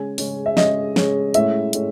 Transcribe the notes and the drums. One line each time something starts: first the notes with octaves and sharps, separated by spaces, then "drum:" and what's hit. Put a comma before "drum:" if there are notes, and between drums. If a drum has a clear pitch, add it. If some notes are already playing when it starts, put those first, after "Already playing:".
Already playing: C#3 G#3 C#4 G#5
C#3 G#3 C#4, drum: open hi-hat
E5
C#3 G#3 C#4 D#5, drum: snare
C#3 G#3 C#4, drum: snare
A2 G#3 C#4 E5, drum: hi-hat
A2 G#3 C#4, drum: hi-hat